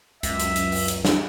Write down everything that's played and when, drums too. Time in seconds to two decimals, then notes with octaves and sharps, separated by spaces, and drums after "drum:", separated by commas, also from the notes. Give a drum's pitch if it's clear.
0.23 C#2 F#2 E5, drum: hi-hat
0.40 drum: hi-hat
0.56 drum: hi-hat
0.72 drum: open hi-hat
0.88 drum: hi-hat
1.05 drum: snare